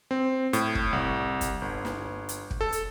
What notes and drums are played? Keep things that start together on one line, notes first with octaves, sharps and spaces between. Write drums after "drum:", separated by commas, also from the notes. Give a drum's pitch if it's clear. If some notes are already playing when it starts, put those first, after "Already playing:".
C4
A2, drum: hi-hat
drum: kick
C2
drum: kick, hi-hat
G1
drum: snare
drum: hi-hat
drum: kick
A4
drum: hi-hat